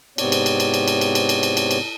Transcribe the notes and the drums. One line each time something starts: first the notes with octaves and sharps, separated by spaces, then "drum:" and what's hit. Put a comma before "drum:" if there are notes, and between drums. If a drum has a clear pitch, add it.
G#2 C3 B3 C4 C#5 D5, drum: cymbal
drum: cymbal
drum: cymbal
drum: cymbal
drum: cymbal
drum: cymbal
drum: cymbal
drum: cymbal
drum: cymbal
drum: cymbal
drum: cymbal
drum: cymbal